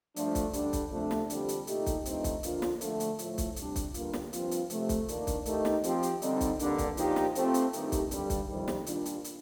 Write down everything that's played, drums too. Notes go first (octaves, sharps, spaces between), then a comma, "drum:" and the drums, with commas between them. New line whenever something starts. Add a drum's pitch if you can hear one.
G2 F3 A3 D4, drum: hi-hat
drum: kick, hi-hat
D3 G3 D4, drum: hi-hat
drum: kick, hi-hat
C3 F3 A3 D4
drum: snare
F2 D3 G3 D4, drum: hi-hat
drum: hi-hat
A#2 A3 D#4 G4, drum: hi-hat
drum: kick, hi-hat
G2 F3 A3 C4 D#4, drum: hi-hat
drum: kick, hi-hat
D3 F3 A#3 D4 F4, drum: hi-hat
drum: snare
D3 F3 A3, drum: hi-hat
drum: hi-hat
A2 F3 A3, drum: hi-hat
drum: kick, hi-hat
C3 G3 D4, drum: hi-hat
drum: kick, hi-hat
G2 D3 G3 A#3 F4, drum: hi-hat
drum: snare
G2 F3 C4 F4, drum: hi-hat
drum: hi-hat
C3 F3 A3, drum: hi-hat
drum: kick, hi-hat
D#3 A#3 D4, drum: hi-hat
drum: kick, hi-hat
D#3 A3 D#4 G4, drum: hi-hat
drum: snare
F3 C4 G4, drum: hi-hat
drum: hi-hat
D3 G3 C4 D#4, drum: hi-hat
drum: kick, hi-hat
G2 D3 G3 A#3 D4, drum: hi-hat
drum: kick, hi-hat
A#2 F3 A#3 D#4 G4, drum: hi-hat
drum: snare
F3 A3 C4 G4, drum: hi-hat
drum: hi-hat
G2 D#3 A3 D#4 G4, drum: hi-hat
drum: kick, hi-hat
G2 D3 G3, drum: hi-hat
drum: kick, hi-hat
F2 C3 D#3 G3
drum: snare
A#2 G3 D4 F4, drum: hi-hat
drum: hi-hat
drum: hi-hat